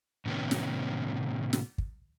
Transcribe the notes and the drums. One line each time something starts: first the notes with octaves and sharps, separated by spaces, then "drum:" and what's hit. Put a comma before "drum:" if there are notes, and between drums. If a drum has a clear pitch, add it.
A2 C3 D#3 B3 C#4
drum: snare
drum: snare
drum: kick